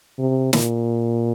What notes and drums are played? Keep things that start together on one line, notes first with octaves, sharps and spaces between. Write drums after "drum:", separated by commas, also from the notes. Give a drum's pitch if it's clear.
C3
A#2, drum: snare